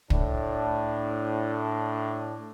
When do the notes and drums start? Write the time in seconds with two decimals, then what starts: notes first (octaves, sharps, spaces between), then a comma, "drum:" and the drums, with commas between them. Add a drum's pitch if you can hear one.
0.10 A2 D4, drum: kick